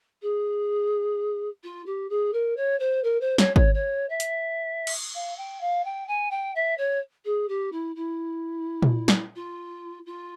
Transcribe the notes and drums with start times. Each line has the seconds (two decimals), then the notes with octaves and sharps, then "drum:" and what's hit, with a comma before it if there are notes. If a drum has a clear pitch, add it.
0.22 G#4
1.64 F4
1.86 G4
2.10 G#4
2.33 A#4
2.56 C#5
2.79 C5
3.04 A#4
3.21 C5
3.38 C#5, drum: snare
3.56 C#5, drum: kick G#1
3.74 C#5
4.09 E5
4.20 drum: hi-hat
4.87 drum: cymbal
5.15 F5
5.37 G5
5.61 F5
5.85 G5
6.07 G#5
6.31 G5
6.55 E5
6.78 C#5
7.25 G#4
7.48 G4
7.72 E4
7.95 E4
8.82 drum: tom A#2
9.08 drum: snare
9.36 F4
10.06 F4